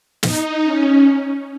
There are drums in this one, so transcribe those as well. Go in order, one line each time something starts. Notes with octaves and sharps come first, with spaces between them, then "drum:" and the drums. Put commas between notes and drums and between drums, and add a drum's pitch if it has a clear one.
D#4, drum: snare
C#4